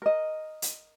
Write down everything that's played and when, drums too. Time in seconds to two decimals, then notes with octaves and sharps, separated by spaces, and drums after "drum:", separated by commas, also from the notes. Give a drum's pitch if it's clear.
0.02 A#4 D#5
0.62 drum: hi-hat